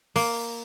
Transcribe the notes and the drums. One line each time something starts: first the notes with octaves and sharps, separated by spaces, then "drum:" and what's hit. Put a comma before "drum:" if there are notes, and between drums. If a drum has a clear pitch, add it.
A#3, drum: open hi-hat